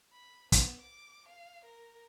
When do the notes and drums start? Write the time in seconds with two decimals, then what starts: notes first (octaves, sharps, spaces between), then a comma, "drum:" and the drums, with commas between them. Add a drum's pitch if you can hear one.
0.12 B5
0.52 B3, drum: kick, hi-hat
0.81 D6
1.28 F5
1.65 A#4